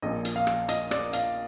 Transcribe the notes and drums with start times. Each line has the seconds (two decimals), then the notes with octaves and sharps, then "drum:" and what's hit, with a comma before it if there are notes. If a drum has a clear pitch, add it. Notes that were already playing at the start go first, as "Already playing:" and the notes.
0.02 A#1 A#2 D#5
0.25 drum: hi-hat
0.36 F5
0.47 drum: rim click
0.68 D#5, drum: hi-hat
0.91 D5, drum: rim click
1.13 F5, drum: hi-hat